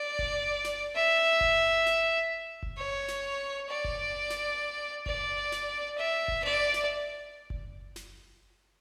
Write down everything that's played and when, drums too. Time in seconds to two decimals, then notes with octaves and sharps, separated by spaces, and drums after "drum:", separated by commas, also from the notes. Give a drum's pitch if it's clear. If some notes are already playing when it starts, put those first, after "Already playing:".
Already playing: D5
0.19 drum: kick F#1
0.65 drum: snare
0.95 E5
1.41 drum: kick F#1
1.86 drum: snare
2.63 drum: kick F#1
2.77 C#5
3.08 drum: snare
3.69 D5
3.84 drum: kick F#1
4.30 drum: snare
5.06 D5, drum: kick F#1
5.52 drum: snare
5.97 E5
6.28 drum: kick F#1
6.44 D5
6.74 drum: snare
7.50 drum: kick F#1
7.96 drum: snare